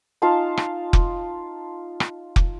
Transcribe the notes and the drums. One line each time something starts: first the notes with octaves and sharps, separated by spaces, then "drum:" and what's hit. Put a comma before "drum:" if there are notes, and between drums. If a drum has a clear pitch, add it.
D#4 F4 F5 A5
drum: rim click
drum: kick F1
drum: rim click
drum: kick F1